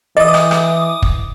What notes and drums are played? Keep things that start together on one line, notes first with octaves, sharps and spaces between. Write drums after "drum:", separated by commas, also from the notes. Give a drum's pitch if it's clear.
E3 D#5 D6 D#6
drum: rim click
drum: rim click
drum: kick